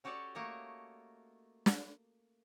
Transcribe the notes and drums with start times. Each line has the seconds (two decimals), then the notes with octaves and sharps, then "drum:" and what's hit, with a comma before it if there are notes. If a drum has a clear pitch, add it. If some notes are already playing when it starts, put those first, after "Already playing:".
0.04 C#4 F#4 G4 A4 C#5 D5
0.35 A3 A#3 C#5 D#5
1.66 drum: snare